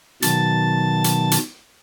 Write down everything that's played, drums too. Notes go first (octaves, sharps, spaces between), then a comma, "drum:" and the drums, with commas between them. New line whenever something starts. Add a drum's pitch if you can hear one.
B2 D#3 F#3 A5 A6, drum: hi-hat
drum: hi-hat
drum: hi-hat